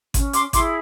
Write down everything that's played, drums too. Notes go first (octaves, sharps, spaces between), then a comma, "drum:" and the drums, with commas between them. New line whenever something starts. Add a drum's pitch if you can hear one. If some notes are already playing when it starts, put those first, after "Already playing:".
C#4, drum: kick G#1, hi-hat
C6 D6, drum: hi-hat
E4 G#4 C6 D6, drum: kick G#1, hi-hat